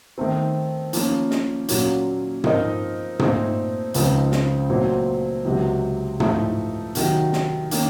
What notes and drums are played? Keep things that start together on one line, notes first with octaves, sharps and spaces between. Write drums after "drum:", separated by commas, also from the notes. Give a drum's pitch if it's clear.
D#3 A3 C4
F3 A#3 C#4, drum: hi-hat
drum: snare
A#2 F#3 A#3 C#4, drum: hi-hat
F3 C4 D#4 A#4 D#5, drum: tom
A#2 A3 C4 D#4, drum: tom
C#2 C#3 F3 C4 D#4, drum: hi-hat
drum: snare
A#2 F#3 A3 C4
C#2 C3 F#3
A2 F3 A3 D#4, drum: tom
C3 D#3 F#3, drum: hi-hat
drum: snare
D#3 A#3 C#4, drum: hi-hat